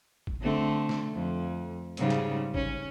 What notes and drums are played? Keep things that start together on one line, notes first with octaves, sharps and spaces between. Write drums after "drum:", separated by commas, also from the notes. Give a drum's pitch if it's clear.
drum: kick G#1
D3 A3 C4
drum: snare
F2
G#2 C#3 G3, drum: hi-hat
drum: clap
C#4, drum: kick G#1